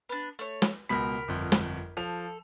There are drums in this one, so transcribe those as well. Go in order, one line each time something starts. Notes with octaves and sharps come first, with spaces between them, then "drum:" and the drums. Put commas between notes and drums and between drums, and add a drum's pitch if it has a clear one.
B3 D4
A3 C#5
drum: snare
C#2 B2 A#4 B5 B6
G1 F2
drum: snare
F3 A4 F7